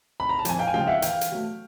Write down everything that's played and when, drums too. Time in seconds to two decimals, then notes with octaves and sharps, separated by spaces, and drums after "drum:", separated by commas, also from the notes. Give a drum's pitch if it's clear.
0.20 B5
0.29 A#5
0.39 A5
0.45 F2 G#5, drum: hi-hat
0.59 F5 G5
0.68 G#5
0.74 C#3 F3 G#3 F5 G5
0.87 E5 F#5
1.02 E2 F5 G5, drum: hi-hat
1.21 drum: hi-hat
1.31 B2 F#3 A3